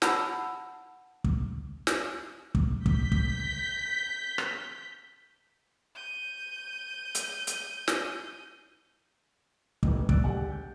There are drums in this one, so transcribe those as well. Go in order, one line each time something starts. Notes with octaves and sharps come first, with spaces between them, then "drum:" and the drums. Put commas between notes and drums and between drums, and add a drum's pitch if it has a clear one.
F#5 A5 B5 E6, drum: snare
drum: kick
drum: snare
drum: kick
G6 B6, drum: kick
drum: kick
drum: rim click
G6 D#7
drum: hi-hat
drum: hi-hat
drum: snare
A1 A2 C3 E3, drum: kick
D4 E6 F#6 A6 D7, drum: kick
E1 D3 G4 F#5
G6